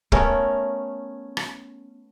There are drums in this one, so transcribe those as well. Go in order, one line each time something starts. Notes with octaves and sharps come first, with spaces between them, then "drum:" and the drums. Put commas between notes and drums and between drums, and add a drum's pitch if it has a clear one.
A3 B3 C#4 A#4, drum: kick
drum: rim click